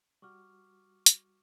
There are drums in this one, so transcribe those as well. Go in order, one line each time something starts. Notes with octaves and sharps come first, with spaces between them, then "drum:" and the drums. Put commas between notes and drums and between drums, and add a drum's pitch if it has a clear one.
G3 F#4 C#6 D6 F6
drum: hi-hat